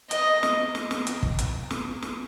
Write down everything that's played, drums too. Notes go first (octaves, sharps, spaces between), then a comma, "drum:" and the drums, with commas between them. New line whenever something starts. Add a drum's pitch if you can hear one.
D#5, drum: hi-hat
drum: snare
drum: snare
drum: snare
drum: hi-hat
drum: kick
drum: hi-hat
drum: snare
drum: snare